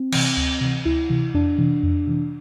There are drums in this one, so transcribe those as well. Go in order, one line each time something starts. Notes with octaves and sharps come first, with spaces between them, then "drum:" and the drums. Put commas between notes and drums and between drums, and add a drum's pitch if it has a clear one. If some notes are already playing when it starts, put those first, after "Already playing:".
Already playing: C4
C3 E3, drum: cymbal
D2
C3 E3
D2 E4
C3 E3
F2 D4
C3 E3
F2
C3 E3